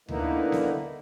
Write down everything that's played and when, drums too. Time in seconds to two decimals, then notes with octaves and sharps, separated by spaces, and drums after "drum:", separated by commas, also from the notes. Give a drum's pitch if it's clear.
0.09 D3 A#3 B3 D#4 E4, drum: tom D2
0.52 drum: snare B3